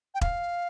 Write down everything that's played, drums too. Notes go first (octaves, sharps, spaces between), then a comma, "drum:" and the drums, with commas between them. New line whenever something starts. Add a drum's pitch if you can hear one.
G5
F5, drum: kick E1